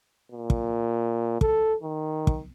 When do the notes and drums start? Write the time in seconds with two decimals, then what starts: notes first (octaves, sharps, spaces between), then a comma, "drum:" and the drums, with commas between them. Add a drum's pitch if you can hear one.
0.31 A#2
0.50 drum: kick
1.41 A4, drum: kick
1.83 D#3
2.27 drum: kick